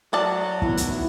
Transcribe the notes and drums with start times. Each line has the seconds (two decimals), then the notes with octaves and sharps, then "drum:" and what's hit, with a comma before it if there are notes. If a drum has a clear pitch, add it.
0.13 F#3 A4 D5 A5
0.62 A2 D#3 B3 E4, drum: kick
0.77 drum: hi-hat